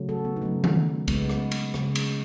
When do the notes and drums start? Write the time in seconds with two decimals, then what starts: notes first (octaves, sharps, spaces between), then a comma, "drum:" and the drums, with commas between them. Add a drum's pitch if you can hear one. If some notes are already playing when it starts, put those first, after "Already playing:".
Already playing: C#3 F#3 A3
0.09 F#4 A4
0.25 B3
0.36 D#4
0.42 C#3 F#3 A3 C#4
0.64 drum: tom D#3
1.08 C#3 G#3 B3, drum: kick C2, cymbal
1.30 drum: rim click
1.51 drum: cymbal
1.74 C#3 G#3, drum: rim click
1.95 drum: cymbal